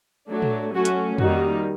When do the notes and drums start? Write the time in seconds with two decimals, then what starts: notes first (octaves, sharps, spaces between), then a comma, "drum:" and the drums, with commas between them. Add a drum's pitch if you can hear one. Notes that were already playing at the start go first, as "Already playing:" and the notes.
0.30 F#3 A3 D4
0.42 drum: tom
0.75 F#3 A3 C#4 F#4
0.85 drum: hi-hat
1.18 D#3 G3 A#3 D#4 F#4, drum: tom F2